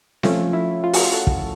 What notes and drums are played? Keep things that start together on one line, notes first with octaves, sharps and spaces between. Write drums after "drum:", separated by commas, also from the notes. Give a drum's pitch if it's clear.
F3 A3 C#4 F4, drum: snare C4
E4
F4
F#4, drum: open hi-hat
F4
A4
drum: kick